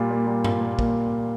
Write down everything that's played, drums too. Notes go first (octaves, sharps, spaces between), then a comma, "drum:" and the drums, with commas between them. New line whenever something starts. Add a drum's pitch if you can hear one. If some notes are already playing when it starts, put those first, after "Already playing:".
Already playing: A#2 G3 F4
A#3
G3
F4, drum: tom G2
A#2
A#3, drum: kick